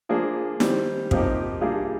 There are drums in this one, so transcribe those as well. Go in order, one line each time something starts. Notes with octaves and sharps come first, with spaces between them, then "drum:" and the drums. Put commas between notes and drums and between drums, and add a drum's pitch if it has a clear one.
F3 A#3 D4 G#4
D#3 G3 C4, drum: snare E4
C3 F3 A#3 D#4 G4, drum: kick
G3 A#3 D4 F4 G#4